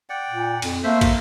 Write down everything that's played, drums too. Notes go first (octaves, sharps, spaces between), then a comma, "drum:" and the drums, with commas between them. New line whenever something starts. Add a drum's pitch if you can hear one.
D5 F#5 G5
A#2
F2, drum: cymbal
A3 A#3 C5 E5
C5, drum: kick, cymbal